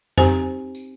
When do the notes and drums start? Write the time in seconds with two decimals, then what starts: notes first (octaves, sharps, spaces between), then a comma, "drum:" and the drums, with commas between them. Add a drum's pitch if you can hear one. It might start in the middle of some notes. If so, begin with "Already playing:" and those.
0.17 C4 D#4 G4 C5 G#5 A#5, drum: tom F2
0.75 drum: tambourine